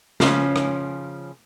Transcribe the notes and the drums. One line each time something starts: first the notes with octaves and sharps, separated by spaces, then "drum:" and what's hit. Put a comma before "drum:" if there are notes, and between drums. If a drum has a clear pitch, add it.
C#3 F3 C#4, drum: snare
drum: rim click